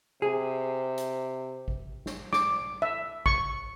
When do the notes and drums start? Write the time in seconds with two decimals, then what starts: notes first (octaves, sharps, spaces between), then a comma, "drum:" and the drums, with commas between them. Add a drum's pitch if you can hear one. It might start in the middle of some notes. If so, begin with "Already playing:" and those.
0.22 C3 G#4
0.98 drum: hi-hat
1.68 drum: kick G#1
2.06 drum: snare
2.33 D6, drum: snare
2.82 E5
3.26 C#6, drum: kick G#1